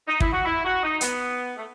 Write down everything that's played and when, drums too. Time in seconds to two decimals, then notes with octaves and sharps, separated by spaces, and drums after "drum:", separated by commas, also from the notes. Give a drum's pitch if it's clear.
0.07 D#4
0.20 E4, drum: kick
0.32 F#4
0.45 E4
0.64 F#4
0.83 D#4
1.01 B3, drum: hi-hat
1.57 A3